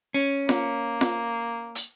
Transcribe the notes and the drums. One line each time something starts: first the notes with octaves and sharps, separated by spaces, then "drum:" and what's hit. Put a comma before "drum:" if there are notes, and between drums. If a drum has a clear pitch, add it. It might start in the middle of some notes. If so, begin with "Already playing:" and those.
C#4
A#3, drum: snare F4
drum: snare F4
drum: hi-hat